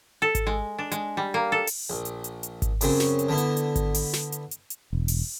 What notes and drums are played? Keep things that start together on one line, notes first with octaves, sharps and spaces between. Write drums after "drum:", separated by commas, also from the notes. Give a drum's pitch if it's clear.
A4
drum: kick G#1, hi-hat
G#3
D4
G#3, drum: hi-hat
G3
A#3
A4
drum: open hi-hat
A#1
drum: hi-hat
drum: hi-hat
drum: hi-hat
drum: kick G#1, hi-hat
F#2 C#3 C4, drum: open hi-hat
drum: snare
drum: hi-hat
D3 B3 E4
drum: hi-hat
drum: hi-hat
drum: kick G#1, hi-hat
drum: open hi-hat
drum: snare
drum: hi-hat
drum: hi-hat
drum: hi-hat
E1
drum: open hi-hat